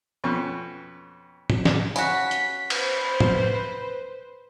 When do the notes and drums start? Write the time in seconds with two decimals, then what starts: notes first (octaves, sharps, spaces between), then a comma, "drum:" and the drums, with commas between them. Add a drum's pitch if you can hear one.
0.24 F2 B2 C#4
1.50 drum: tom
1.65 drum: snare
1.96 C#3 F#4 B6, drum: tambourine
2.31 drum: hi-hat
2.70 B4 C5, drum: cymbal
3.20 drum: tom